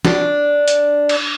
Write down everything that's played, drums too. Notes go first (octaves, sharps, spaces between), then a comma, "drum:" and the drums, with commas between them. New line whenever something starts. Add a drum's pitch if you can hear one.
D4, drum: snare
drum: hi-hat
drum: cymbal